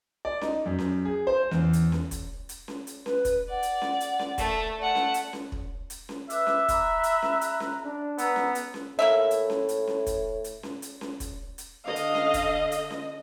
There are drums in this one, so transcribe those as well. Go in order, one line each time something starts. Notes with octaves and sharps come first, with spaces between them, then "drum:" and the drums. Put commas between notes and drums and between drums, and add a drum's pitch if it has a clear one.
D5
D#4, drum: snare C#4
F#2
drum: snare C#4
G#4
C5
E2, drum: snare C#4
drum: hi-hat
drum: snare C#4
drum: kick, hi-hat
drum: hi-hat
drum: snare C#4
drum: hi-hat
B4, drum: snare C#4
drum: kick, hi-hat
D5 F#5
drum: hi-hat
drum: snare C#4
drum: hi-hat
drum: snare C#4
A3, drum: kick, hi-hat
A3 D5 F#5
drum: snare C#4
drum: hi-hat
drum: snare C#4
drum: kick
drum: hi-hat
drum: snare C#4
B4 E5 D6 F#6, drum: hi-hat
drum: snare C#4
A#5 B5 F#6, drum: kick, hi-hat
drum: hi-hat
drum: snare C#4
drum: hi-hat
drum: snare C#4
D4
B3 A#5 E6, drum: hi-hat
drum: snare C#4
drum: hi-hat
drum: snare C#4
A2 A#3 A#4 E5
drum: hi-hat
drum: snare C#4
drum: hi-hat
drum: snare C#4
drum: kick, hi-hat
drum: hi-hat
drum: snare C#4
drum: hi-hat
drum: snare C#4
drum: kick, hi-hat
drum: hi-hat
D3 D#5 F5
drum: hi-hat
drum: snare C#4
drum: kick, hi-hat
drum: hi-hat
drum: snare C#4